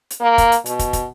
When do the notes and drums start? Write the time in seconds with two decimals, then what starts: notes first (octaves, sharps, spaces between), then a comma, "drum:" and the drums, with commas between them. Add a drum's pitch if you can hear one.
0.10 drum: hi-hat
0.21 A#3
0.38 drum: kick, hi-hat
0.52 drum: hi-hat
0.66 B2, drum: hi-hat
0.79 drum: kick, hi-hat
0.93 drum: kick, hi-hat